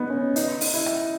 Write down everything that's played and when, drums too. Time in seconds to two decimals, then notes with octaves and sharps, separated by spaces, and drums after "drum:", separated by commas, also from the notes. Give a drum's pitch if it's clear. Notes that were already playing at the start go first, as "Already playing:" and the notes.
Already playing: B3 D#4
0.10 C#4
0.36 D#4, drum: hi-hat
0.61 drum: open hi-hat
0.74 E4
0.86 drum: rim click